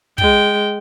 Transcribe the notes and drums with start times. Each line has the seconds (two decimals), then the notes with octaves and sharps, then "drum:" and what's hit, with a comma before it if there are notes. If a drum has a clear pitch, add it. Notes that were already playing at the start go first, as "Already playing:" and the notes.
0.18 G#3 G5, drum: kick